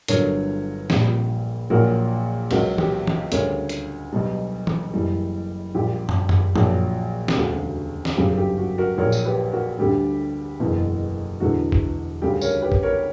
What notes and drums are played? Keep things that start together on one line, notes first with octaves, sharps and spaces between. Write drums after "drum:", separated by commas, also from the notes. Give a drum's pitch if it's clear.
G1 G2 D3 F#3 A#4 C#5, drum: hi-hat
A#1 A#2 G3, drum: snare
A#1 A#2 F#3 F#4 A#4
C#2 B2 F#3 F#4 A#4, drum: cymbal
G4, drum: tom
drum: tom
D2 C#3 G3 A#4 C#5, drum: hi-hat
drum: hi-hat
B1 B2 G3
drum: tom
F#1 F#2 E3 G3
A#1 A#2 G3 G4
drum: tom
drum: tom
A#1 A#2 F#3, drum: tom
G4, drum: snare
E1 D2 C#3 G3 F#4
drum: snare
G1 F#2 C#3 F#3 G4
G4
F#4
F#4 A#4
A#1 A#2 F#3 A#4 C#5
drum: tambourine
G4 B4
F#4 A#4
D2 D3 G3 G4
F#1 E2 B2
E1 E2 D3 F#4
drum: kick
D2 C#3 G3 G4
A#4 C#5, drum: tambourine
G4 B4
drum: kick
A#4 C#5